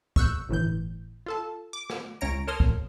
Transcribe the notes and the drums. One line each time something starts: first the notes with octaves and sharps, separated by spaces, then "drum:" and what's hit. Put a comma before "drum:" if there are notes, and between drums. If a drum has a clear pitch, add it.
C#6 E6 F#6 G6, drum: kick
G1 A2 E3 G6
F4 A4 A5
D6
drum: rim click
C#2 C#4 C#5 A#5 A#6 D7
A#4 C#5 A5 C6 D#6 F6
drum: kick